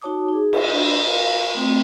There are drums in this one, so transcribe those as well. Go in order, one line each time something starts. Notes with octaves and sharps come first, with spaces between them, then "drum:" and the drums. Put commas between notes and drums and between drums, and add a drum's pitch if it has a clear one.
D#4 F#4 C#5 A5 D6 D#6
D#4 G#4
drum: cymbal
D4
A#4 F5
A3 C4 G5